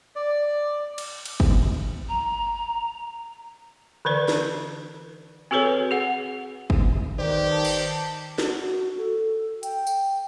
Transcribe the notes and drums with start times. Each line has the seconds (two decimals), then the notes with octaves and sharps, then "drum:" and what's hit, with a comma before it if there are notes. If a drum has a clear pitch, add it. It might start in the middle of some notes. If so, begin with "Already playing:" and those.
0.16 D5
0.98 drum: cymbal
1.25 drum: cymbal
1.40 drum: kick G1
2.09 A#5
4.05 D3 E3 B4 D5
4.28 drum: snare
5.51 C4 F#4 G#4 A4 B4 C#5
5.91 G#4 F#5
6.70 drum: kick G1
7.19 D#3 G4 B4 C5 D5
7.51 A5
7.65 drum: cymbal
8.38 F#4, drum: snare
8.98 A4
9.63 G5, drum: hi-hat
9.87 drum: tambourine